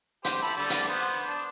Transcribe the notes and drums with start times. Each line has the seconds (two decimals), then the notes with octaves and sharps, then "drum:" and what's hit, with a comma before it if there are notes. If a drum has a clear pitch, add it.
0.24 G4 C5, drum: hi-hat
0.42 E4 A4 B5
0.57 D3 G3 D5
0.70 drum: hi-hat
0.88 B3 C5
1.25 D4